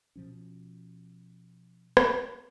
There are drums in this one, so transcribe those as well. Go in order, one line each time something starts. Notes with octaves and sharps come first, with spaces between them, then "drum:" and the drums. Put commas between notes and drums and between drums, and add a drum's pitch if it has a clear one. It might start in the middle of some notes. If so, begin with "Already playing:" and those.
B2 F3 C#4
drum: rim click